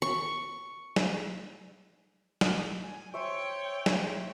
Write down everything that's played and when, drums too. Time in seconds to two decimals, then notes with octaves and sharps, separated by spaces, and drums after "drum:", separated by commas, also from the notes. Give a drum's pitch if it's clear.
0.02 C#6
0.96 drum: snare
2.41 drum: snare
2.83 G#5
3.14 C5 C#5 E5 G5 C#6
3.86 drum: snare